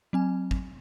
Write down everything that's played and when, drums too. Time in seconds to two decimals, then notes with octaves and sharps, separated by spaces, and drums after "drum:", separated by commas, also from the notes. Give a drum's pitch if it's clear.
0.13 F#3 C4 G#5
0.51 drum: kick